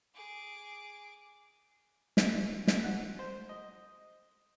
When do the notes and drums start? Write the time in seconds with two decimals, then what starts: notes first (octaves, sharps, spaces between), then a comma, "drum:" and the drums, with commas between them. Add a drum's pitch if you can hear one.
0.14 G#4 D6
2.17 drum: snare
2.67 drum: snare
2.84 F#5
3.19 C5
3.49 D#5